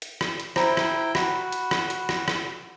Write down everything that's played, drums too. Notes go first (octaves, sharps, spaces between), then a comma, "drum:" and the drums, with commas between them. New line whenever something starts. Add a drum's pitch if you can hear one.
drum: hi-hat
drum: rim click
drum: hi-hat
E4 C5 G5 A#5 B5, drum: rim click
drum: rim click
F#4 B5, drum: rim click
drum: hi-hat
drum: rim click
drum: hi-hat
drum: rim click
drum: rim click